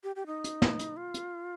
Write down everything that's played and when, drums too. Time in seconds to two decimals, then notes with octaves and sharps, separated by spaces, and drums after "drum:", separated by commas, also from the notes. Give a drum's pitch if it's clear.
0.04 G4
0.16 G4
0.26 D#4
0.44 drum: hi-hat
0.62 drum: snare
0.79 drum: hi-hat
0.97 F4
1.14 drum: hi-hat